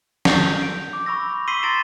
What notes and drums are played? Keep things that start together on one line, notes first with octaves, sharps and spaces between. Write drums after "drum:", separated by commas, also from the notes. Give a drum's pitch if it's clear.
G6 F7, drum: snare
D7
D6
B5 C#6 E6 A#6
C6 E6 B6 C7 D#7 G7
A#5 A6 A#6 D7 E7